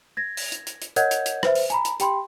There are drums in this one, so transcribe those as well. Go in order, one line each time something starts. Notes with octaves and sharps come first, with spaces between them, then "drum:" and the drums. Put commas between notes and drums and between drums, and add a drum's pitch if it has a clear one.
G#6 A#6
drum: open hi-hat
drum: hi-hat
drum: hi-hat
drum: hi-hat
A#4 C#5 D#5 F#5 G6 G#6, drum: hi-hat
drum: hi-hat
drum: hi-hat
B4 C5 E5, drum: rim click
drum: open hi-hat
G#5 A#5 B5, drum: hi-hat
drum: hi-hat
G4 G5 B5 C6, drum: hi-hat